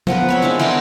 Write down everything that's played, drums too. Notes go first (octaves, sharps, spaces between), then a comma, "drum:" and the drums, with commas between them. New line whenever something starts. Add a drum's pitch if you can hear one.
F3 B3 A#4 B4, drum: tom
C4 C#5 B5
G#3 D4 E4 F5
E3 B3 E4 A#4, drum: cymbal